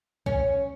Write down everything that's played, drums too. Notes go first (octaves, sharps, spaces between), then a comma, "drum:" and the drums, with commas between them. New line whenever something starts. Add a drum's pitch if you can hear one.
C#4, drum: kick B1